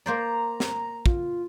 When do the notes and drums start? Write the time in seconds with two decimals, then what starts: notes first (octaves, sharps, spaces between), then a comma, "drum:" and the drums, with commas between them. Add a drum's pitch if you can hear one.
0.06 A#3 C5 D5 A#5
0.60 drum: snare
1.06 F4, drum: kick